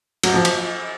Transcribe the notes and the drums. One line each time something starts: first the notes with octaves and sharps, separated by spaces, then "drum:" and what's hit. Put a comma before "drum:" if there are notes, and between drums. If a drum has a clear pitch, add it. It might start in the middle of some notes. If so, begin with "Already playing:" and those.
F#3, drum: cymbal
F3
drum: cymbal